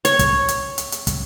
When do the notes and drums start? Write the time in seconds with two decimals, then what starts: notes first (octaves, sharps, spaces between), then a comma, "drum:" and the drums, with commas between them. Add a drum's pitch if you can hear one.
0.05 C#5, drum: hi-hat
0.19 drum: kick, hi-hat
0.48 drum: hi-hat
0.78 drum: hi-hat
0.92 drum: hi-hat
1.07 drum: kick, hi-hat